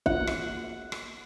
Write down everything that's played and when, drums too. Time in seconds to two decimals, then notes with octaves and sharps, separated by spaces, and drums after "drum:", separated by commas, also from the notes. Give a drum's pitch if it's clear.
0.06 F#5, drum: kick
0.27 drum: rim click
0.92 drum: rim click